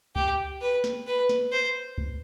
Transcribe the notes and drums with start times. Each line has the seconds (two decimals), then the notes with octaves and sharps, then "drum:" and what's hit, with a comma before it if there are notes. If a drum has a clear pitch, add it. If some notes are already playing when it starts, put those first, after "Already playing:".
0.16 G4, drum: kick C#2
0.61 B4
0.84 drum: snare
1.07 B4
1.29 drum: snare
1.52 C5
1.98 drum: kick C#2